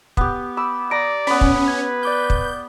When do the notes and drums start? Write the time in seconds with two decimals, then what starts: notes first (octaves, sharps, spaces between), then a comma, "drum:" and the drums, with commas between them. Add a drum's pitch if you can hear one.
0.17 B3 G4, drum: kick
0.57 B5 D6 E6
0.91 D5 A#5 D7
1.27 B3 C#4 B5
1.41 drum: kick
1.68 B4 G#6
2.03 D5 D6 F#6 G6
2.30 drum: kick